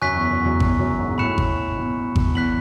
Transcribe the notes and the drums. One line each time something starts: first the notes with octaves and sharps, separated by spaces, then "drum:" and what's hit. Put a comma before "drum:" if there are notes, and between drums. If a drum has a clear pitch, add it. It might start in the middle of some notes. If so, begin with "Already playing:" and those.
F#2 G#5 C#6 F#6 B6
E2
F#2
E2
F#2
E2, drum: kick G#1
F#2
G#2
B2
A2 B5 F#6 C#7 E7
drum: kick G#1
B2
drum: kick G#1
E2 F#6 B6 F#7